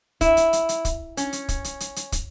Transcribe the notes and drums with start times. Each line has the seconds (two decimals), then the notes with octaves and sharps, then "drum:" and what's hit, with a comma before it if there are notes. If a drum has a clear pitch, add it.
0.21 E4, drum: kick, hi-hat
0.37 drum: hi-hat
0.53 drum: hi-hat
0.69 drum: hi-hat
0.85 drum: kick, hi-hat
1.17 C#4, drum: hi-hat
1.33 drum: hi-hat
1.49 drum: kick, hi-hat
1.64 drum: hi-hat
1.80 drum: hi-hat
1.96 drum: hi-hat
2.12 drum: kick, hi-hat